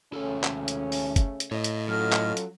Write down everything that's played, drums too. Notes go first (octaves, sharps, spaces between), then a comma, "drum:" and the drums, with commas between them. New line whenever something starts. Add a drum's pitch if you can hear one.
D#2 C#3 A3 C#4 A4
drum: clap
drum: hi-hat
drum: open hi-hat
drum: kick, hi-hat
drum: hi-hat
A2 C#5 D#5
drum: hi-hat
F#3 C#4 F4 A4 D#5 F6
drum: clap
drum: hi-hat